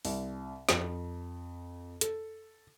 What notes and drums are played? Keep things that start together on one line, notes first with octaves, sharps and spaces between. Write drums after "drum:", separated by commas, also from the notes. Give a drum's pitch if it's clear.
C2, drum: open hi-hat
F2, drum: snare
A4, drum: hi-hat